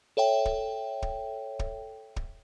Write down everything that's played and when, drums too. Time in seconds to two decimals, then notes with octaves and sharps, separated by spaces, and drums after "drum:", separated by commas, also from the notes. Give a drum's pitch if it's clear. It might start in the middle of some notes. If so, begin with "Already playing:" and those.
0.17 A4 C#5 E5 G5
0.45 drum: kick
1.02 drum: kick
1.59 drum: kick
2.16 drum: kick